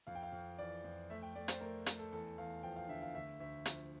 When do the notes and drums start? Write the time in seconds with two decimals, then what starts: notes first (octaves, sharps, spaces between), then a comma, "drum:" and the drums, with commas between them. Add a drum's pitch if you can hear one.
0.07 F2 F5
0.15 G5
0.23 F5
0.33 F2
0.58 E3 D5
0.84 F2
1.10 A3 E5
1.22 G5
1.35 A3 D5
1.48 C5, drum: hi-hat
1.61 A3 A#4
1.86 A3, drum: hi-hat
1.99 A4
2.12 E2 A4
2.38 E2 F5
2.63 F3 G5
2.76 F5
2.88 D3 E5
3.02 F5
3.14 D2 E5
3.40 D2 E5
3.65 F3, drum: hi-hat